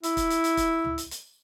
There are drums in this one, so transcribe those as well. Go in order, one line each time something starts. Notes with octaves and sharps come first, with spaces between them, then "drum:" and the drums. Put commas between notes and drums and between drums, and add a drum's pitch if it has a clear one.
E4, drum: hi-hat
drum: kick, hi-hat
drum: hi-hat
drum: hi-hat
drum: kick, hi-hat
drum: tom C#2
drum: hi-hat
drum: hi-hat